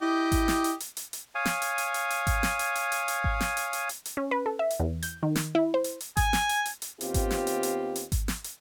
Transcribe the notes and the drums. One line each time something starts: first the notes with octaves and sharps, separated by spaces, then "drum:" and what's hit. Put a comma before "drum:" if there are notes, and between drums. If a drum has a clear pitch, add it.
E4 G4 D#5
drum: kick G#1, hi-hat
drum: snare
drum: hi-hat
drum: hi-hat
drum: hi-hat
drum: hi-hat
C#5 F5 G#5 D#6
drum: snare
drum: hi-hat
drum: hi-hat
drum: hi-hat
drum: hi-hat
drum: kick G#1, hi-hat
drum: snare
drum: hi-hat
drum: hi-hat
drum: hi-hat
drum: hi-hat
drum: kick G#1
drum: snare
drum: hi-hat
drum: hi-hat
drum: hi-hat
drum: hi-hat
C#4
B4
A4
E5
drum: hi-hat
E2
G6, drum: hi-hat
D#3
drum: snare
E4
C5
drum: hi-hat
drum: hi-hat
G#5, drum: kick G#1, hi-hat
drum: snare
drum: hi-hat
drum: hi-hat
drum: hi-hat
D#2 B3 C4 F4 G4, drum: hi-hat
drum: kick G#1, hi-hat
drum: snare
drum: hi-hat
drum: hi-hat
drum: hi-hat
drum: kick G#1, hi-hat
drum: snare
drum: hi-hat